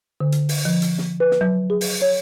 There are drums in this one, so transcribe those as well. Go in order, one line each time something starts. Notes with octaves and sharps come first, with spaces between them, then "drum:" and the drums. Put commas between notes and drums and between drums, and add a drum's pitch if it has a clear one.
D3
drum: hi-hat
drum: open hi-hat
F3
drum: hi-hat
drum: snare
B4
drum: snare
F#3
G#4
drum: open hi-hat
C#5